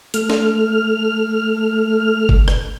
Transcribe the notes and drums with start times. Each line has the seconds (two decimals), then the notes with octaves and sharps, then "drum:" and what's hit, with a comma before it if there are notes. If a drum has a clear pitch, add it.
0.14 A3 F6, drum: hi-hat
0.30 drum: snare
2.29 drum: kick F#1
2.48 drum: rim click